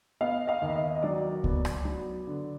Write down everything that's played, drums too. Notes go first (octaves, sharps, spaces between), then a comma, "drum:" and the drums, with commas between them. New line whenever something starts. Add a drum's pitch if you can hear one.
B3 D#5 F5
D#5 F5
D#2
E5
D#5
D#5
F#3 D5
B3, drum: kick C#2
drum: rim click
F#3
D3